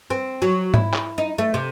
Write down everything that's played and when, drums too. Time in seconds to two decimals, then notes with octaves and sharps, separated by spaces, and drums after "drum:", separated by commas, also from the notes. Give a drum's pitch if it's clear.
0.10 C4
0.42 F#3
0.74 E4, drum: tom
0.94 drum: clap
1.18 D#4
1.38 A3
1.54 C3